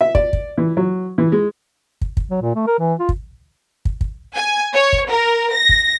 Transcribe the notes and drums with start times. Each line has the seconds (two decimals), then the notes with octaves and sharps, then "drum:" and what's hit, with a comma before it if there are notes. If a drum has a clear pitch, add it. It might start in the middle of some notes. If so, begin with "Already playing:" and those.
0.01 E5
0.15 D5, drum: kick
0.33 drum: kick
0.58 E3
0.77 F#3
1.18 E3
1.32 G#3
2.01 drum: kick
2.17 drum: kick
2.30 F#3
2.42 A#2
2.55 A3
2.67 A#4
2.79 E3
3.00 F4
3.09 drum: kick
3.85 drum: kick
4.01 drum: kick
4.35 G#5
4.74 C#5
4.93 drum: kick
5.10 A#4
5.54 A#6
5.69 drum: kick